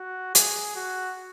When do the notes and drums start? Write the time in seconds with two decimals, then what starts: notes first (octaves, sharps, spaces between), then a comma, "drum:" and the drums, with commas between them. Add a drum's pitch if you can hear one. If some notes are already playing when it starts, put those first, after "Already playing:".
Already playing: F#4
0.35 G#4, drum: hi-hat
0.76 F#4